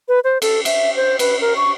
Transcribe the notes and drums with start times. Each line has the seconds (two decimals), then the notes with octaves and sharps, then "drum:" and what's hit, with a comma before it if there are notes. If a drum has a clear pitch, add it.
0.09 B4
0.24 C5
0.42 A4, drum: cymbal
0.65 E5, drum: cymbal
0.97 C5
1.19 B4, drum: cymbal
1.41 A#4
1.56 C#6